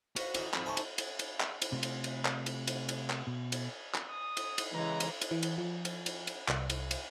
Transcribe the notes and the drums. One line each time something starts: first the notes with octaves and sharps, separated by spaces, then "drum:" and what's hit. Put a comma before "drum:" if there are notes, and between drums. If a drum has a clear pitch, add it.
F#4 B4 C5 F5, drum: cymbal
E3 C#4 D#4, drum: cymbal
F2 D#4 B5, drum: clap
A3 A4 C5 G#5 A5 C#6
drum: cymbal
drum: cymbal
drum: cymbal
drum: clap
drum: cymbal
C3 A3 F4
drum: cymbal
drum: cymbal
drum: clap
drum: cymbal
drum: cymbal
drum: cymbal
drum: clap
B2
drum: cymbal
drum: clap
D#6
drum: cymbal
drum: cymbal
C#3 E3 G#3 A#5
drum: cymbal
drum: cymbal
E3
drum: cymbal
F3
drum: cymbal
drum: cymbal
drum: cymbal
C2, drum: clap
drum: cymbal
drum: cymbal